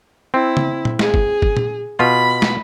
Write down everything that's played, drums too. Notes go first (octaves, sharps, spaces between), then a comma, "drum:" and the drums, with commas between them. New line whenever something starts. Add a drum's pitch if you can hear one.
C4 E4
drum: tom
drum: tom A#2
G#4, drum: snare
drum: kick
drum: kick
drum: tom A#2
B2 F4 B5
drum: snare